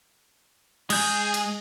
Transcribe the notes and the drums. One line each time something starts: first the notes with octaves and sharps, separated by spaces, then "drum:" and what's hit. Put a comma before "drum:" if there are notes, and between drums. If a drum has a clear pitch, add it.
G#3 G#4 G6, drum: cymbal
drum: hi-hat